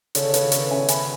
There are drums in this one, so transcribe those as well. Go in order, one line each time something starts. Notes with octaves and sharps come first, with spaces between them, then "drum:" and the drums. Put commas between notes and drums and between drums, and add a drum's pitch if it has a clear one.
C#3 A4 C#5, drum: hi-hat
C#5
C#3 B4, drum: hi-hat
C#4 A4, drum: hi-hat
C#4 E5 G#5
C#4 G#5 B5, drum: hi-hat